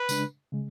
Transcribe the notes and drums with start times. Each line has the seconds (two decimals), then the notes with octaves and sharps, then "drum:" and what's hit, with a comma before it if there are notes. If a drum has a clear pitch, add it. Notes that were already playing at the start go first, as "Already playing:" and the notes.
Already playing: B4
0.09 C#3 G#3 D4, drum: tambourine
0.52 C#3 G#3